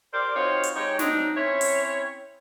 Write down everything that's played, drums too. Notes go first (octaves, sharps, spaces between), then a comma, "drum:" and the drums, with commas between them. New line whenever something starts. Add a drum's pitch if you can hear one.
G4 A#4 C5 D5
C4 D#4 F4 F#4 C5 C#5
drum: hi-hat
G#3 D#4 G4 C#5
F#3 C4 D4 D#4, drum: snare
C4 C#4 E4 C#5
drum: open hi-hat